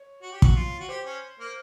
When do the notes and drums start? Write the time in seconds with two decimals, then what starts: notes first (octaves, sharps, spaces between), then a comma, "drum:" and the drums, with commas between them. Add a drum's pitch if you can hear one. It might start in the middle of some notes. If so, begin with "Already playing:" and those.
Already playing: C#5
0.22 F#4
0.32 G4
0.42 F#4, drum: kick
0.55 F4
0.80 F#4
0.89 G4 C5
1.06 C#4
1.40 A#3